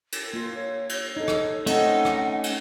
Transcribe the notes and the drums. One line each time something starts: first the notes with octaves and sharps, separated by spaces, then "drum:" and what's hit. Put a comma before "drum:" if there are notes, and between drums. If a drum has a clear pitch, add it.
drum: cymbal
A#3 F4
C#5
drum: cymbal
D#4 A4
drum: rim click
A3 C4 C#4 D#4 A4 D#5 F#5, drum: cymbal
drum: rim click
drum: cymbal